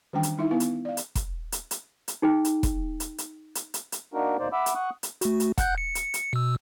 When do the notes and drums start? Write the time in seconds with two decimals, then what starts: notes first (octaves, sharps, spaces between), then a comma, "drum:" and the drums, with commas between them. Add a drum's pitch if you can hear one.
0.13 D#3 E3 G3 C#4 D4 G5
0.23 drum: hi-hat
0.38 G3 D#4 E4 E5
0.51 B3 E4 B4 F5
0.60 drum: hi-hat
0.85 D5 F5
0.97 drum: hi-hat
1.15 drum: kick, hi-hat
1.52 drum: hi-hat
1.71 drum: hi-hat
2.08 drum: hi-hat
2.22 D#4 G#4 G5
2.45 drum: hi-hat
2.63 drum: kick, hi-hat
3.00 drum: hi-hat
3.18 drum: hi-hat
3.55 drum: hi-hat
3.74 drum: hi-hat
3.92 drum: hi-hat
4.14 A#3 D4 D#4 F#4 A#4
4.39 D#2 B2 A#3 D#4 C5 D5
4.52 E5 F#5 B5 D6 E6
4.66 drum: hi-hat
4.75 F#5 C#6 D#6 F#6
5.03 drum: hi-hat
5.21 A3 F#4, drum: hi-hat
5.40 drum: hi-hat
5.58 F#5 F#6 G6, drum: kick, hi-hat
5.78 C#7
5.95 drum: hi-hat
6.14 drum: hi-hat
6.33 B2 E6